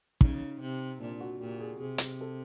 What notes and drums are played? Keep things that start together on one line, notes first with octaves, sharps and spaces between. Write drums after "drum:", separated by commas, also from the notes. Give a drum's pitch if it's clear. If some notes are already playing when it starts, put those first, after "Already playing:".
C#3 D#4, drum: kick
C3
A#2 D4
F#4
A#2 G4
G#4
C3 G#4
drum: hi-hat
A4